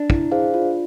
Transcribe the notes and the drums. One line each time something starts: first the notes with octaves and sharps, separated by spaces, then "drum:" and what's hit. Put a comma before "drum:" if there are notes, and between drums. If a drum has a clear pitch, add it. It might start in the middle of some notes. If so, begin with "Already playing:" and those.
Already playing: D4
E4, drum: kick
G#4 C5 F5
F4